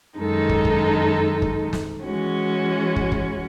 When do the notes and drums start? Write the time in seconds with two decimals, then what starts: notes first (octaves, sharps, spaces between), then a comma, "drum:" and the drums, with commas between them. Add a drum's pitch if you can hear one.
0.19 F#2 D#3 G#3 D#4 A4
0.49 drum: kick
0.65 drum: kick
1.42 drum: kick
1.73 drum: snare
2.03 E3 G#3 C#4 F#4
2.96 drum: kick
3.12 drum: kick